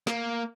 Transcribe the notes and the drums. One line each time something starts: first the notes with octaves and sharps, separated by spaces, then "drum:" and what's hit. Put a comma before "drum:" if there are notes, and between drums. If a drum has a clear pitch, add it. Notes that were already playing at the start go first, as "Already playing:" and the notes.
A#3, drum: snare